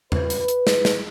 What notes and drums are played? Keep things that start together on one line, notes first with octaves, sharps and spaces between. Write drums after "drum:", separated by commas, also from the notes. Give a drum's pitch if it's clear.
B4, drum: tom E2
drum: hi-hat
drum: hi-hat
drum: snare
drum: snare